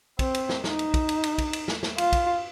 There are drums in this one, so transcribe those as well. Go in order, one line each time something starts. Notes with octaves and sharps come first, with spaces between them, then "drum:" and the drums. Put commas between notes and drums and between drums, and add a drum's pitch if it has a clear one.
C4, drum: kick, cymbal
drum: cymbal
drum: snare
D#4, drum: snare
drum: cymbal
drum: kick, cymbal
drum: cymbal
drum: cymbal
drum: kick, cymbal
drum: cymbal
drum: snare
drum: snare
F4, drum: cymbal
drum: kick, cymbal